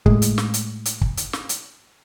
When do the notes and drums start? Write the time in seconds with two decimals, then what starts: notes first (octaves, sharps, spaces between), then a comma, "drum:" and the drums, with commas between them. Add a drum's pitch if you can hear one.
0.06 A2 G#3, drum: kick
0.22 drum: hi-hat
0.38 drum: snare
0.54 drum: hi-hat
0.85 drum: hi-hat
1.01 drum: kick
1.17 drum: hi-hat
1.33 drum: snare
1.49 drum: hi-hat